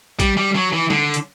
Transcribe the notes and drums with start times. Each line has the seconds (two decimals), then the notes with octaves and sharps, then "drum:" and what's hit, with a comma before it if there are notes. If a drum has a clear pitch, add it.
0.20 G3, drum: kick A#1, hi-hat
0.37 G3
0.55 F#3
0.73 E3
0.90 D3, drum: snare
1.14 drum: hi-hat